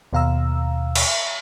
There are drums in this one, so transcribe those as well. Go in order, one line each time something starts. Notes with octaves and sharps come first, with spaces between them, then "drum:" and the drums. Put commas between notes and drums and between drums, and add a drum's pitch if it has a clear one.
D#2 B2 F5 A#5 E6
drum: cymbal